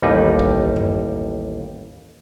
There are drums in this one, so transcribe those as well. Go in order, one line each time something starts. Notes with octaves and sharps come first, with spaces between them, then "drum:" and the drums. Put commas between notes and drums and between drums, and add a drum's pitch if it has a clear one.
A1 D#2 G3 D#4 B4
drum: kick
drum: tom F#2